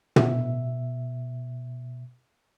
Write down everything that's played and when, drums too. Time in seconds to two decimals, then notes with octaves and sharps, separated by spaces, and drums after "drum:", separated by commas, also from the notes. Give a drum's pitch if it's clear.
0.16 B2 E5, drum: tom